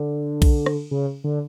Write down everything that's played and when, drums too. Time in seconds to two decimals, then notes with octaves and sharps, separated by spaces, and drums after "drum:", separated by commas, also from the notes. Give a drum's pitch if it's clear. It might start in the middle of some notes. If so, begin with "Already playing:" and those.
Already playing: D3
0.42 drum: kick B1, cymbal
0.66 drum: rim click
0.91 C#3
1.24 D3